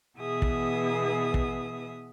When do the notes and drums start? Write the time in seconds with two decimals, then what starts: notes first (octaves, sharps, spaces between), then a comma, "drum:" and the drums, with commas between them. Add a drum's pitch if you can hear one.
0.19 B2 E3 B3 G#4 E5 D#6
0.42 drum: kick
1.34 drum: kick